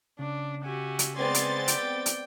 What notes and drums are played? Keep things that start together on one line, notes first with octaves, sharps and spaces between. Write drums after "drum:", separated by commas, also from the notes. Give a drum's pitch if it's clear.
C#3 D4
F#4 G4 E5 G#5
drum: hi-hat
G#3 B3 C4 D5 G#5 C6 A6
drum: hi-hat
D5 G5, drum: hi-hat
drum: hi-hat